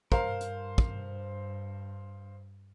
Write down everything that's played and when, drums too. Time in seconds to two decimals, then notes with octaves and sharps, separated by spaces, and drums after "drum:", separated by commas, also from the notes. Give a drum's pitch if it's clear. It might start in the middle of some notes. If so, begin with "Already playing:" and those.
0.12 G2 A#4 C5 F5, drum: kick
0.41 drum: hi-hat
0.78 drum: kick